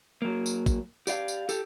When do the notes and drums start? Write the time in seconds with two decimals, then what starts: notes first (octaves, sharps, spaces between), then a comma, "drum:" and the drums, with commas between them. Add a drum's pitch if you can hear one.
0.22 F#3 A#3
0.46 drum: tambourine
0.66 drum: kick, tambourine
1.07 G4 D5 F5, drum: tambourine
1.28 drum: tambourine
1.49 G4 A4, drum: tambourine